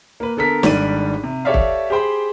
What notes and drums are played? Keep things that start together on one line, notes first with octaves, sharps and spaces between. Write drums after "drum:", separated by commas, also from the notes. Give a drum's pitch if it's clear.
A#3 B4
D3 B3 A4 A#4 B6
G#1 G#2 G3 D4 A4 D#7, drum: snare
C3
G4 A4 C#5 D5 E5 F5
drum: kick
G4 G#4 C5 G5 B5